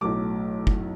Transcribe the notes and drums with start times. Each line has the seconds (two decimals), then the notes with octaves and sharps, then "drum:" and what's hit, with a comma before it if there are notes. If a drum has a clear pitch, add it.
0.01 B1 A2 F#3 A3 D6
0.67 drum: kick